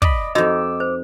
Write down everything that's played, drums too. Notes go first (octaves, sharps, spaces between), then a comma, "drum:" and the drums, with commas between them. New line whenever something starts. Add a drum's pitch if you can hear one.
D5 D#5 B5, drum: kick
F2 D#4 F#4 D#5 D6 E6
C5